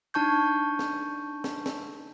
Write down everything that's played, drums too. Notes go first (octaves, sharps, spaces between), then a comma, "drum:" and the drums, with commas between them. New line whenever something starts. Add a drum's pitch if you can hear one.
D4 D#4 A5 C#6 G6
drum: snare
drum: snare
drum: snare